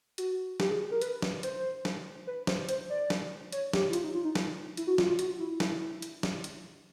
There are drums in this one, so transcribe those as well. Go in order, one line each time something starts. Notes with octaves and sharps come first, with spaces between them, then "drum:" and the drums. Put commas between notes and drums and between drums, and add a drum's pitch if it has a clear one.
F#4, drum: hi-hat
G4, drum: snare
G#4
A#4
B4, drum: hi-hat
drum: snare
C5, drum: hi-hat
drum: snare
B4
C5, drum: snare
C5, drum: hi-hat
D5
drum: snare
C#5, drum: hi-hat
G4, drum: snare
E4
F4, drum: hi-hat
D#4
F4
D#4
drum: snare
E4, drum: hi-hat
F#4
F4, drum: snare
F4
F#4, drum: hi-hat
E4
E4, drum: snare
drum: hi-hat
drum: snare
drum: hi-hat